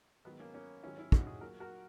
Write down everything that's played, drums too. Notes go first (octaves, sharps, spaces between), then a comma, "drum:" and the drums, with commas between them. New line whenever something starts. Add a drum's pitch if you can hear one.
G#2 D#3 F#3 B3
A#3 C#4
A#3 C#4
G#2 D#3 F#3 C#4 E4
C#4 E4
D#4 F#4, drum: kick
E4 G#4
A#2 F#3 F#4 A#4
F#4 A#4